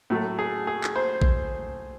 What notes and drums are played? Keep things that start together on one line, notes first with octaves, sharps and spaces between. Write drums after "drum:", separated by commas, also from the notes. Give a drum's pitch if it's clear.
A2 F#3 A3
G#4
G#4
drum: clap
C5
drum: kick A#1